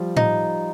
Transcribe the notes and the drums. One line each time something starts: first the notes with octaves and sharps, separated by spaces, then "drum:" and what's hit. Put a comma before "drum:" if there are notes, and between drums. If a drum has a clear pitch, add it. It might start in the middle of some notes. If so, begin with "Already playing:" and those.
Already playing: F3 G3
D#4, drum: tom A2